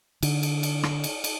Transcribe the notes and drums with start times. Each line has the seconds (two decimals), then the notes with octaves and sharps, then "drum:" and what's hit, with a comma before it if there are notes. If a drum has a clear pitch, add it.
0.23 D3, drum: cymbal
0.43 drum: cymbal
0.63 drum: cymbal
0.83 drum: rim click
1.04 drum: cymbal
1.24 drum: cymbal